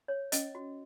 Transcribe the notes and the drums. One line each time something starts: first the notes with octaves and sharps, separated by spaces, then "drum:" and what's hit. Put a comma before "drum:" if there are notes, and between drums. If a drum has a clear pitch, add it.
C#5
C#4 D#5, drum: hi-hat
F#4